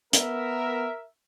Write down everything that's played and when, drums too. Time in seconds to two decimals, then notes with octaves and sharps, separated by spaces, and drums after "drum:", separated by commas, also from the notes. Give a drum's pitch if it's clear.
0.13 B3 A#4 E5, drum: hi-hat